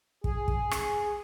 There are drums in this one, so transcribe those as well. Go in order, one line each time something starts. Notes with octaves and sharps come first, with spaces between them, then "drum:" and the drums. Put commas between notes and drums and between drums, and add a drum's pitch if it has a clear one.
G#4, drum: kick
drum: kick
drum: rim click